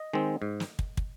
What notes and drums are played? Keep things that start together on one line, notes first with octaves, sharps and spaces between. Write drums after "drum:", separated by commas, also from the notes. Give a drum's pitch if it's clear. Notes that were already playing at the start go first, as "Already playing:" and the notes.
Already playing: D#5
D#3 G#3 C4
G#2
drum: snare
drum: kick
drum: kick